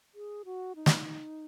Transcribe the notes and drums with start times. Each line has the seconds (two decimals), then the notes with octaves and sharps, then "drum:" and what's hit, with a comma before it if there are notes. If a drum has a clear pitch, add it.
0.15 G#4
0.45 F#4
0.76 D#4
0.86 drum: snare